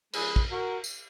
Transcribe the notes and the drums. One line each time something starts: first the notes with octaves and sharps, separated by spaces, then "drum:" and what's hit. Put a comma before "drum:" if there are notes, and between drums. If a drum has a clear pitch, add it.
C#3 F3 G#3 G#4 B4, drum: cymbal
drum: kick
F#4 A#4
drum: tambourine